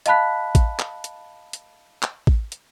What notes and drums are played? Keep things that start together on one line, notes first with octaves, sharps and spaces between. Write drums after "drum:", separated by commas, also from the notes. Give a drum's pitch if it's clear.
D#5 F5 A5 B5 F#6 B6, drum: hi-hat
drum: kick A1, hi-hat
drum: clap
drum: hi-hat
drum: hi-hat
drum: clap
drum: kick A1
drum: hi-hat